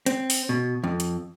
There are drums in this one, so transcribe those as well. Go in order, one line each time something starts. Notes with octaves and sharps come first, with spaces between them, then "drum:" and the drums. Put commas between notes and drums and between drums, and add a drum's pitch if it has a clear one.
C4, drum: hi-hat
drum: open hi-hat
B2
F2
drum: hi-hat